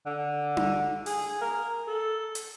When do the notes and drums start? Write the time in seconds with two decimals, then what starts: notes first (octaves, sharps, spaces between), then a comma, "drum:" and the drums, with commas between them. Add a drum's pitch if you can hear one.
0.06 D3
0.57 drum: tom D4
1.06 G#4, drum: open hi-hat
1.41 A#4
1.88 A4
2.35 drum: hi-hat